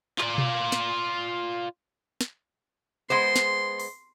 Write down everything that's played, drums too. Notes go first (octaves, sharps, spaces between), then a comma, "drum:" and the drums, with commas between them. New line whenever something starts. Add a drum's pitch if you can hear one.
F4 D5, drum: clap
drum: tom B2
drum: snare
drum: snare
G#3 B3 C5 C6
drum: snare
drum: open hi-hat